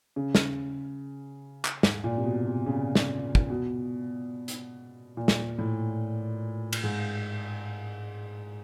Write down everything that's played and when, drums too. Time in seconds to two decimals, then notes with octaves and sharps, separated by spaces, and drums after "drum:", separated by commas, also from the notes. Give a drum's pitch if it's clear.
0.16 C#3
0.35 drum: snare
1.65 drum: clap
1.83 G#2, drum: snare
2.04 A#2
2.18 C3
2.25 B2
2.46 C3
2.66 C#3
2.95 drum: snare
3.35 drum: kick
3.50 B2
4.48 drum: hi-hat
5.17 A#2
5.28 drum: snare
5.59 A2
6.73 drum: cymbal
6.83 G#2